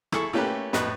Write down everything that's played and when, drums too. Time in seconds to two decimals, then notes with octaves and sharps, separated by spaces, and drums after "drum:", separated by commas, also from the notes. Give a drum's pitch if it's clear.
0.12 E4 G#4 A4 C#6, drum: rim click
0.33 A3 A#3 C#4 G4 B4
0.73 F2 A2 B4 D#5, drum: snare